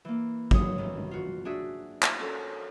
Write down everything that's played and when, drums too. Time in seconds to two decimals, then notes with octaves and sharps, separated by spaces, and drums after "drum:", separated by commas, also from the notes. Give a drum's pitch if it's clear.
0.05 E3 A#3
0.51 F#3 C#5 D#6, drum: kick
0.78 D#3 E3
1.11 F4 F#4
1.45 D4 F#4 G#4 E5
2.02 drum: clap
2.19 C#4 A4 A#4